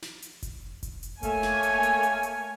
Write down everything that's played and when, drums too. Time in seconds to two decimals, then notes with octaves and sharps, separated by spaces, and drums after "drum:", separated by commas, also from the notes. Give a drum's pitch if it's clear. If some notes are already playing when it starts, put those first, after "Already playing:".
0.02 drum: snare
0.22 drum: hi-hat
0.42 drum: kick F1, hi-hat
0.83 drum: kick F1, hi-hat
1.03 drum: hi-hat
1.23 A3 A#3 C#5 G#5, drum: kick F1, hi-hat
1.43 drum: snare
1.63 drum: hi-hat
1.83 drum: hi-hat
2.03 drum: hi-hat
2.23 drum: hi-hat